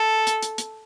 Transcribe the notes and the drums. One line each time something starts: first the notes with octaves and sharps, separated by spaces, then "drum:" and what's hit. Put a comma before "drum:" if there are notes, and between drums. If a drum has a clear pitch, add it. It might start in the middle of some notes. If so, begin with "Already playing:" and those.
Already playing: A4
drum: hi-hat
drum: hi-hat
drum: hi-hat